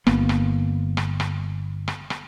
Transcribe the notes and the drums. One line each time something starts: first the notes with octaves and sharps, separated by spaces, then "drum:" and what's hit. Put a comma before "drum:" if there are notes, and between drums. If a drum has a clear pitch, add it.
G1 A#3 B3, drum: rim click
drum: rim click
drum: rim click
drum: rim click
drum: rim click
drum: rim click